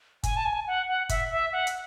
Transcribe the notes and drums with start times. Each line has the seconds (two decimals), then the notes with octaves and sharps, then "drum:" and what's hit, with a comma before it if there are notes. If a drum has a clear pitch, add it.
0.23 G#5, drum: kick F#1, hi-hat
0.36 A5
0.45 G#5
0.67 F#5
0.88 F#5
1.09 E5, drum: kick F#1, hi-hat
1.31 E5
1.53 F#5
1.67 drum: hi-hat